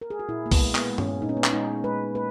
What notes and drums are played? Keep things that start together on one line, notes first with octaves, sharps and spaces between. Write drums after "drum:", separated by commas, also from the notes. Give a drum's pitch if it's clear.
A#4
G#4
F#4
A#2 E4
A#3
B3, drum: kick C2, open hi-hat
G#3
B3, drum: clap
G#3
C#4, drum: tom G2
A#2 D#4
C#4
B3
C#4, drum: clap
G#3 D#4
G#3 B4
A#3 B4